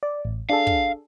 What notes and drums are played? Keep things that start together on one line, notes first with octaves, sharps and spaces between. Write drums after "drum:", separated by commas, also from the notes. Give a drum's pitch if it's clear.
D5
A1
D4 G#4 A4 F5
drum: kick